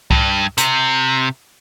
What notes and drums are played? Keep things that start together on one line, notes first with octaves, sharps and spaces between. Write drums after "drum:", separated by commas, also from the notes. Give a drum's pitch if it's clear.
G2, drum: kick C2
C3, drum: hi-hat